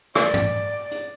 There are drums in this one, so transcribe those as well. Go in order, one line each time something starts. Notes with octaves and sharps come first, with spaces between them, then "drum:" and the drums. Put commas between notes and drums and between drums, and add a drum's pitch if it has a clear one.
D5, drum: rim click
drum: tom
drum: hi-hat